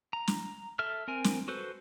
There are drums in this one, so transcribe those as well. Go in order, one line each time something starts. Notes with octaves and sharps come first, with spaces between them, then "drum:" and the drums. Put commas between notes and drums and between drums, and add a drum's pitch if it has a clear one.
A#5
drum: snare
A4 E5 F6
C4 A#4 G#5
drum: snare
F#4 A4 B4 C5